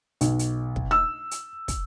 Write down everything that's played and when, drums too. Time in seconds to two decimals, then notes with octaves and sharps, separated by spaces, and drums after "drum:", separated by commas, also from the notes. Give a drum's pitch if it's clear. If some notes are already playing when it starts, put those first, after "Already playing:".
0.21 B1, drum: hi-hat
0.39 drum: hi-hat
0.76 drum: kick
0.91 E6
1.31 drum: hi-hat
1.68 drum: kick, hi-hat